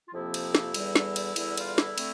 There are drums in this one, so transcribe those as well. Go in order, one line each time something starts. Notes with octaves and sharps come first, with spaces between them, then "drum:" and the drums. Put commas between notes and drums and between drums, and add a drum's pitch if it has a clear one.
F4
F2 C3 F3 A#3 E4
drum: cymbal
drum: snare
E2 D3 G3, drum: cymbal
drum: snare
drum: cymbal
E2 D3 G3 E4, drum: cymbal
F4, drum: cymbal
E4, drum: snare
D3 A3 C4, drum: cymbal